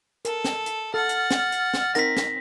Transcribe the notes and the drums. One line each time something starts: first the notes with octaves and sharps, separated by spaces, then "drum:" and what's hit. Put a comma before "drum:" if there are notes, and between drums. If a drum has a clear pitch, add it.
A4 A#4, drum: hi-hat
drum: snare
drum: hi-hat
A4 F#5 F6 A6
drum: hi-hat
drum: snare
drum: hi-hat
drum: snare
C4 D#4 A#4 F#5 A#6 B6, drum: hi-hat
drum: snare